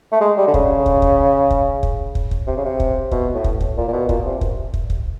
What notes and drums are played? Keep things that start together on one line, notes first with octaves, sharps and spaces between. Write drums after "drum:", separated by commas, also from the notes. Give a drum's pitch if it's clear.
A3
G#3
G3
D3
C#3, drum: kick
drum: kick
drum: kick
drum: kick
drum: kick
drum: kick
drum: kick
C3
C#3
C3
drum: kick
B2, drum: kick
A2
drum: kick
drum: kick
A#2
A#2
B2
A#2, drum: kick
C3
drum: kick
drum: kick
drum: kick